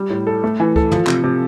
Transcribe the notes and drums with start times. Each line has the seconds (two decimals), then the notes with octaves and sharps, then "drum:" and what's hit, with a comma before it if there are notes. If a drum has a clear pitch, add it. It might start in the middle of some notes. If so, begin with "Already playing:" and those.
Already playing: G3
0.10 A2
0.27 A4
0.44 A3
0.60 E3
0.76 A4, drum: kick C#2
0.91 F3, drum: tom
1.07 C3, drum: clap
1.24 C3